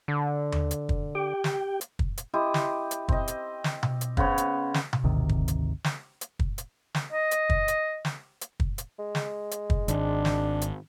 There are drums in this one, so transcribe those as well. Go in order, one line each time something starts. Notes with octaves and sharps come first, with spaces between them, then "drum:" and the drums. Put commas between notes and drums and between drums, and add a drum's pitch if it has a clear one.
D3
drum: tom D#2
drum: hi-hat
drum: kick
G4 G5
drum: snare
drum: hi-hat
drum: kick
drum: hi-hat
E4 G4 D#5 C6
drum: snare
drum: hi-hat
C4 D#5, drum: kick
drum: hi-hat
drum: snare
drum: tom B2
drum: hi-hat
C#3 B3 C5 C#5, drum: kick
drum: hi-hat
drum: snare
drum: tom B2
G#1 D2 C3 D#3
drum: kick
drum: hi-hat
drum: snare
drum: hi-hat
drum: kick
drum: hi-hat
drum: snare
D#5
drum: hi-hat
drum: kick
drum: hi-hat
drum: snare
drum: hi-hat
drum: kick
drum: hi-hat
G#3
drum: snare
drum: hi-hat
drum: kick
G#1 D4, drum: hi-hat
drum: snare
drum: hi-hat